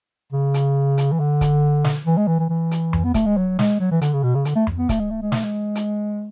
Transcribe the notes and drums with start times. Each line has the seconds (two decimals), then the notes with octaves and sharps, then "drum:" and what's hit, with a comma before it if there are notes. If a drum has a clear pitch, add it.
0.33 C#3
0.54 drum: hi-hat
0.98 drum: hi-hat
1.12 E3
1.20 D3
1.41 drum: kick C#1, hi-hat
1.84 drum: snare
2.06 E3
2.17 G#3
2.27 E3
2.39 E3
2.49 E3
2.71 drum: hi-hat
2.93 drum: tom F2
3.04 B3
3.14 A3, drum: kick C#1, hi-hat
3.26 G#3
3.37 F#3
3.59 G#3, drum: snare
3.80 F#3
3.91 E3
4.01 D3, drum: hi-hat
4.13 C#3
4.23 B2
4.35 C#3
4.45 D3, drum: hi-hat
4.55 A3
4.67 drum: tom F2
4.78 B3
4.89 A3, drum: kick C#1, hi-hat
4.99 G#3
5.11 A3
5.22 G#3
5.32 A3, drum: snare
5.43 G#3
5.75 drum: hi-hat